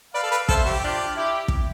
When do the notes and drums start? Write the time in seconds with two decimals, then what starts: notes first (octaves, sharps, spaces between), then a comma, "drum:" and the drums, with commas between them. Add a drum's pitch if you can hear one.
0.14 B4 D5 F5
0.23 A4
0.31 B4
0.49 A4 C5 E5, drum: kick
0.66 G4
0.83 D4 F4
1.17 E4 G4
1.48 drum: kick